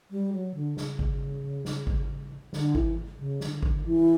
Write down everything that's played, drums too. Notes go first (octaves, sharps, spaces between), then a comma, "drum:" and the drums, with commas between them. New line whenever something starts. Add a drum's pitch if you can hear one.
G3
F#3
D3
C#3, drum: snare
drum: kick G#1
drum: snare
drum: kick G#1
D3, drum: snare
E3, drum: kick G#1
C#3
D3, drum: snare
drum: kick G#1
E3